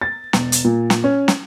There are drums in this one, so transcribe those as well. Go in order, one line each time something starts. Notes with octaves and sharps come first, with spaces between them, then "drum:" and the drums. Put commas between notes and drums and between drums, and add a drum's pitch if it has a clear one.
A6
E1, drum: snare
drum: hi-hat
A#2
drum: snare
C#4
drum: snare